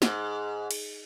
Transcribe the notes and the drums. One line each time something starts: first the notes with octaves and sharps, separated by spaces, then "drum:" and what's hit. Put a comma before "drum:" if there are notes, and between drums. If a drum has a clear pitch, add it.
G#2, drum: snare
drum: cymbal